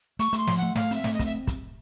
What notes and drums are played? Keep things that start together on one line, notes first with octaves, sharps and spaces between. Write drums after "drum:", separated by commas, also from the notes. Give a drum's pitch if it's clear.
A3 C#6, drum: hi-hat
A3 C6, drum: hi-hat
F3, drum: snare
A3 F#5
A3 F5, drum: snare
C4 E5, drum: hi-hat
A3, drum: snare
D#5
C4, drum: kick, hi-hat
E5
drum: kick, hi-hat